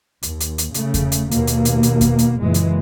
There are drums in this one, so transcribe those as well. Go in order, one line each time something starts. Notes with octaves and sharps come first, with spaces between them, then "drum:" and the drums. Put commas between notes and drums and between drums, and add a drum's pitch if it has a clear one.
D#2, drum: hi-hat
drum: hi-hat
drum: hi-hat
C#3 A3, drum: hi-hat
drum: kick E2, hi-hat
drum: hi-hat
D#2 B2 A#3, drum: hi-hat
drum: hi-hat
drum: hi-hat
drum: hi-hat
drum: kick E2, hi-hat
drum: hi-hat
F#1 A#2 E3 G#3
drum: hi-hat